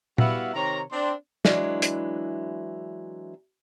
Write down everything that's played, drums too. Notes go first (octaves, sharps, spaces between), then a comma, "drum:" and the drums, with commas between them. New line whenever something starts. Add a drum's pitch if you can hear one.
G3 B3 E4 F#4 E5 F5, drum: tom A#2
C3 D#3 C#5 A#5
C4 D4 C6
E3 F#3 G#3 D4 E4, drum: snare
drum: hi-hat